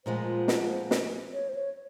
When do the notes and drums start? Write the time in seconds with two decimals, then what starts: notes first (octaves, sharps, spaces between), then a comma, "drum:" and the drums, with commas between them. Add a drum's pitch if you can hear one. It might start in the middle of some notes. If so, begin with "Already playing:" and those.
0.05 A#2 F3 G#3 B3 C5
0.48 drum: snare
0.91 drum: snare
1.33 C#5
1.49 C5
1.55 C#5